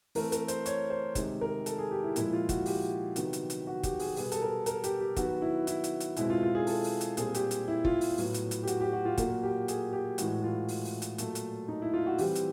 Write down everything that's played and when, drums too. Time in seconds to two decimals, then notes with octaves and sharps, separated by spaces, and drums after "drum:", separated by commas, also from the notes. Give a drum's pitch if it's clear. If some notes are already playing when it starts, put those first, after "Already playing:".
0.15 E3 A3 C4 A#4, drum: open hi-hat
0.32 A#4, drum: hi-hat
0.48 C5, drum: hi-hat
0.66 C#5, drum: hi-hat
0.90 C5
1.15 C3 D#3 G#3, drum: kick F#1, hi-hat
1.41 A#4
1.66 A4, drum: hi-hat
1.78 G#4
1.91 G4
2.04 E4
2.16 A#2 F3 G#3 E4, drum: hi-hat
2.33 F4
2.49 F#4, drum: kick F#1, hi-hat
2.66 G4, drum: open hi-hat
3.16 C3 D#3 F#3 B3, drum: hi-hat
3.33 drum: hi-hat
3.50 drum: hi-hat
3.67 F#4
3.83 G4, drum: kick F#1, hi-hat
3.99 G#4, drum: open hi-hat
4.16 B2 G3 B3 G#4, drum: open hi-hat
4.32 A4, drum: hi-hat
4.42 A#4
4.66 A#4, drum: hi-hat
4.84 G4, drum: hi-hat
5.01 G4
5.17 D#3 F#3 B3 F#4, drum: kick F#1, hi-hat
5.42 E4
5.67 E4, drum: hi-hat
5.84 drum: hi-hat
6.00 drum: hi-hat
6.17 B2 G#3 C4 E4, drum: hi-hat
6.30 F4
6.43 F4
6.55 G#4
6.67 A4, drum: open hi-hat
6.84 drum: open hi-hat
7.01 drum: hi-hat
7.17 A#2 G3 C4 G#4, drum: hi-hat
7.35 G4, drum: hi-hat
7.51 drum: hi-hat
7.68 E4
7.85 F4, drum: kick F#1
8.01 drum: open hi-hat
8.18 A2 F#3 B3, drum: open hi-hat
8.34 drum: hi-hat
8.51 drum: hi-hat
8.63 G4
8.68 F#4, drum: hi-hat
8.81 G4
8.93 F#4
9.05 F4
9.18 A#2 F#3 A#3 F#4, drum: kick F#1, hi-hat
9.43 G4
9.68 G#4, drum: hi-hat
9.93 G4
10.18 A2 E3 G#3 F#4, drum: hi-hat
10.44 F4
10.68 drum: open hi-hat
10.85 drum: open hi-hat
11.02 drum: hi-hat
11.18 A#2 F#3 A3, drum: hi-hat
11.35 drum: hi-hat
11.68 D#4
11.82 E4
11.93 F4
12.06 F#4
12.18 E3 G3 C4 G4, drum: open hi-hat
12.36 drum: hi-hat